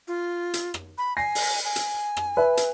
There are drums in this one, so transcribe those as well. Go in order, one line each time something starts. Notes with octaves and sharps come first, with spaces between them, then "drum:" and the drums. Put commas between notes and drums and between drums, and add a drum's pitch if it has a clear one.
F4
drum: hi-hat
drum: rim click
B5
G#5 A#6 C7
drum: open hi-hat
G#5
drum: hi-hat
drum: rim click
B4 E5
drum: hi-hat